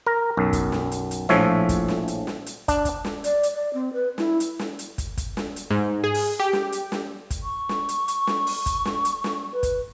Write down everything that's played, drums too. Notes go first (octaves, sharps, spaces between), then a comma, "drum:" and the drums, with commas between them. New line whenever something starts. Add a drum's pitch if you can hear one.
A#4
B1 F#2
drum: kick, hi-hat
drum: snare
drum: hi-hat
drum: hi-hat
A#1 A2 F3 C#5 E5, drum: snare
drum: kick, hi-hat
drum: snare
drum: hi-hat
drum: snare
drum: hi-hat
D4, drum: kick, hi-hat
drum: kick, hi-hat
drum: snare
D5, drum: hi-hat
drum: hi-hat
D5
C4
B4
E4, drum: snare
drum: hi-hat
drum: snare
drum: hi-hat
drum: kick, hi-hat
drum: kick, hi-hat
drum: snare
drum: hi-hat
G#2
G#4
drum: open hi-hat
G4
drum: snare
drum: hi-hat
drum: snare
drum: kick, hi-hat
C#6
drum: snare
drum: hi-hat
drum: hi-hat
drum: snare
drum: open hi-hat
drum: kick, hi-hat
drum: snare
drum: hi-hat
drum: snare
B4
drum: kick, hi-hat